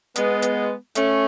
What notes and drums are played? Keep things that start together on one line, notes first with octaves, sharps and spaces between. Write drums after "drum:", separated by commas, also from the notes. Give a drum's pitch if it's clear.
G#3 B3, drum: hi-hat
drum: hi-hat
A3 C#4, drum: hi-hat